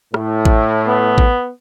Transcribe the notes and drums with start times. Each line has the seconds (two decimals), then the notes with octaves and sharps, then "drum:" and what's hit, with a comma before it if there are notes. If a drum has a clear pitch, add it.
0.14 A2, drum: rim click
0.45 drum: kick A1
0.87 B3
1.18 drum: kick A1